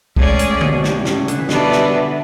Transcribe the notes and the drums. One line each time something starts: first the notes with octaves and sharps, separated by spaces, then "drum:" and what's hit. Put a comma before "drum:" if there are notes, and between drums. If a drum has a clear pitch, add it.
A2 G#3 C#4 G#4 D5, drum: kick
drum: hi-hat
A2
G#2 B2, drum: tom D3
B2
A2, drum: snare
A2 C#3, drum: snare
D3, drum: hi-hat
E3
B2 D3 E3 B3 D4, drum: snare
drum: snare